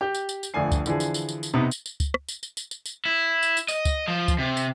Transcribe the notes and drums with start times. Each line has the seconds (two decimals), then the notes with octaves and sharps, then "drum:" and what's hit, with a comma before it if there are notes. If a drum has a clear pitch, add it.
0.01 G4 G6
0.15 drum: tambourine
0.29 drum: tambourine
0.43 drum: tambourine
0.54 G1 F2 A3 D4 G#5 C7
0.72 drum: kick, tambourine
0.86 D3 E3 F3 G#4, drum: tambourine
1.00 drum: tambourine
1.14 drum: tambourine
1.29 drum: tambourine
1.43 drum: tambourine
1.54 C3 B3 D#4
1.71 drum: tambourine
1.86 drum: tambourine
2.00 drum: kick, tambourine
2.14 drum: rim click
2.29 drum: tambourine
2.43 drum: tambourine
2.57 drum: tambourine
2.71 drum: tambourine
2.86 drum: tambourine
3.05 E4
3.43 drum: tambourine
3.57 drum: tambourine
3.68 D#5, drum: tambourine
3.85 drum: kick, tambourine
4.08 F3
4.28 drum: kick, tambourine
4.39 C3
4.57 drum: tambourine